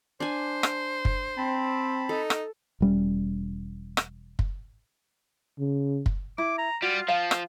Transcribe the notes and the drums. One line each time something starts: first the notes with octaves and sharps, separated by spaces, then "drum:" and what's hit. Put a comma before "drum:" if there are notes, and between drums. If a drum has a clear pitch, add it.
D4 C5 G#5
drum: rim click
drum: kick
C4 A5 B5
D#4 A4
drum: rim click
E1 G3 C#4
drum: rim click
drum: kick
C#3
drum: kick
E4 D6
A#5
G3 F4 F#4
F3 F5
drum: rim click